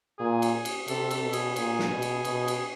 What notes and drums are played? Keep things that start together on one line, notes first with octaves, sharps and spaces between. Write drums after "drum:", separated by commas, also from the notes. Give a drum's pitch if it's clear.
A#2 G#4
drum: cymbal
drum: cymbal
C3 A4, drum: cymbal
A4, drum: cymbal
B2
G#4, drum: cymbal
A#2 G#4, drum: cymbal
drum: snare
B2
drum: cymbal
B2, drum: cymbal
drum: cymbal